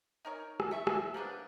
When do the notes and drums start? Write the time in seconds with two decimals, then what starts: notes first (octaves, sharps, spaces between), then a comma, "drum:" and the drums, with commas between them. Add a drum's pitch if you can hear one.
0.25 D#4 A#4 C#5
0.60 drum: rim click
0.71 A3 E5 C#6
0.87 drum: rim click
1.14 F3 A#3 B3 D4